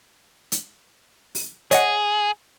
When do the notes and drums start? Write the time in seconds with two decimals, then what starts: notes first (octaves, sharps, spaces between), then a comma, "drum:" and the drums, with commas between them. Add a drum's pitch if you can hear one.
0.52 drum: hi-hat
1.35 drum: open hi-hat
1.71 G#4 C#5 D#5 F#5, drum: hi-hat